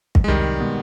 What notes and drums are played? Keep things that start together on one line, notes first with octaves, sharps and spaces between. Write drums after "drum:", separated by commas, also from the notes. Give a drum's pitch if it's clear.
drum: kick
G#3
C2 D#3 G3
B2 G#3 B3